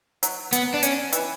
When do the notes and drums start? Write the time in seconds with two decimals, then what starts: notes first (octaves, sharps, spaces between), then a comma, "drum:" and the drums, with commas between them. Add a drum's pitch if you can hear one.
0.23 F#3, drum: hi-hat
0.52 B3, drum: hi-hat
0.74 D4
0.83 C#4, drum: hi-hat
1.13 E3, drum: hi-hat